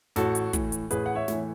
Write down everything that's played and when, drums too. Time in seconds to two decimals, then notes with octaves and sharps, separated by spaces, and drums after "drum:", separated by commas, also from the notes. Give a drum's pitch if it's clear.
0.16 A1 F#4 A4, drum: snare
0.35 drum: hi-hat
0.53 A2 E3, drum: kick, hi-hat
0.72 drum: hi-hat
0.91 A1 G#4 B4, drum: hi-hat
1.06 F#5
1.15 C#5 E5
1.28 A2 E3, drum: snare